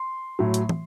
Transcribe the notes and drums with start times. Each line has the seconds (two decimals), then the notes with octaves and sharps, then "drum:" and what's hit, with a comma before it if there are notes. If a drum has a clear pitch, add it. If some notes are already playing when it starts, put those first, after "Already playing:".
Already playing: C6
0.39 A2 F#3
0.54 drum: hi-hat
0.69 drum: tom